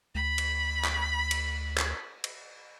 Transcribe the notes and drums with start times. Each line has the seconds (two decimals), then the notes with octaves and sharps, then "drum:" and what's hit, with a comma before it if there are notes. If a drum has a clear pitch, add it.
0.15 D2 B5
0.38 drum: cymbal
0.85 drum: clap
1.31 drum: cymbal
1.78 drum: clap
2.24 drum: cymbal